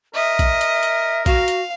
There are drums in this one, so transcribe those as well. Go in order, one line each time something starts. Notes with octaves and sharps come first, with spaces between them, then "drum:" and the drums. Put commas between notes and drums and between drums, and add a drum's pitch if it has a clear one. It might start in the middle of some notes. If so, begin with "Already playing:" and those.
A#4 D#5 E5
drum: kick, hi-hat
drum: hi-hat
drum: hi-hat
F#4 F5, drum: kick, hi-hat
drum: hi-hat